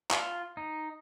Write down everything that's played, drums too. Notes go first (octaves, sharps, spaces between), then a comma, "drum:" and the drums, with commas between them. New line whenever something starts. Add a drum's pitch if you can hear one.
F4, drum: clap
D#4